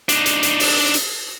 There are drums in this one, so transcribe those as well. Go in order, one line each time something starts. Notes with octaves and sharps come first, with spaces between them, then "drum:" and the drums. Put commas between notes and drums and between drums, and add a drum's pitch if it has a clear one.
D4 D#4, drum: hi-hat
drum: hi-hat
drum: hi-hat
drum: open hi-hat
drum: hi-hat